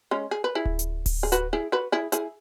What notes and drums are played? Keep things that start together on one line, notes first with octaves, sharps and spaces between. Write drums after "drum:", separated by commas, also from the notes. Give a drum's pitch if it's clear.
G#3 C#4
G#4
B4
E4 G#4
drum: kick D1
drum: hi-hat
drum: kick D1, open hi-hat
G#4
F#4 B4, drum: hi-hat
E4 G#4
F#4 B4
E4 G#4
E4 G#4, drum: hi-hat